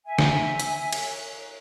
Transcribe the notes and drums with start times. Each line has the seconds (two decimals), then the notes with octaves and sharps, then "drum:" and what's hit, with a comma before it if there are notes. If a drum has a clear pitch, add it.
0.06 E5 G#5
0.19 drum: snare
0.60 drum: hi-hat
0.93 drum: cymbal